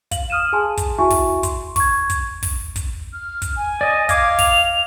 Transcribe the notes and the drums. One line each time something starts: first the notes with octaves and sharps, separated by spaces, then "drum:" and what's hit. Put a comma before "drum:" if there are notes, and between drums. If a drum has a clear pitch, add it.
F5 F#7, drum: kick, hi-hat
D#6 F6 D#7 E7
G#4 G#5 A5 C6
drum: kick, hi-hat
E4 F#4 E5 G#5 C#6
drum: kick, open hi-hat
C6, drum: kick, hi-hat
C#6 G#6, drum: kick, open hi-hat
drum: kick, hi-hat
drum: kick, open hi-hat
drum: kick, hi-hat
F6
drum: kick, hi-hat
G#5
D5 D#5
D#5 F5 D6 G#6, drum: kick, hi-hat
F7, drum: kick, open hi-hat